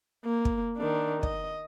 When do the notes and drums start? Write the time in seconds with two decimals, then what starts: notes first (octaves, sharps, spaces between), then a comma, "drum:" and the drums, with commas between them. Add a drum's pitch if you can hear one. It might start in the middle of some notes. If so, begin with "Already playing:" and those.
0.25 A#3
0.45 drum: kick
0.77 D#3 D4
1.23 D#5, drum: kick